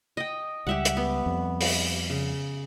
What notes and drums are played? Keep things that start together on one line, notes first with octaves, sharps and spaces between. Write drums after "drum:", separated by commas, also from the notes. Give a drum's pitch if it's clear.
D#5 G5
C#2 G3 G4 E5 F#5
drum: hi-hat
B3
F2 G3
drum: open hi-hat
C#3